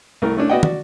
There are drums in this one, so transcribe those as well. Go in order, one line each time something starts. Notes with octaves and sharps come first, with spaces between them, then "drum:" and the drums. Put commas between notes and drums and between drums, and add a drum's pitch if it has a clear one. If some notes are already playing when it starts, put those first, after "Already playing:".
C2 A3 A#4
A3 C#4 D4
B3 F#4 D5 D#5 F#5 G5
F#4 D5, drum: tom